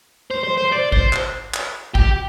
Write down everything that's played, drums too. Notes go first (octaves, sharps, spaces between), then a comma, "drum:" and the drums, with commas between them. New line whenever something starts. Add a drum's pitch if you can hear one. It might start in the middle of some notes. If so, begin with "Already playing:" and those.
C5
C5
C5
D5
C5, drum: kick
drum: clap
drum: clap
G4, drum: kick